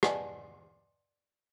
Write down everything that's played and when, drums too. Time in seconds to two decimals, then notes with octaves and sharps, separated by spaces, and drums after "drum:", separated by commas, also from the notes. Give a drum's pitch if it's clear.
0.03 B4 D5 D#5 F#5 G#5 A5, drum: rim click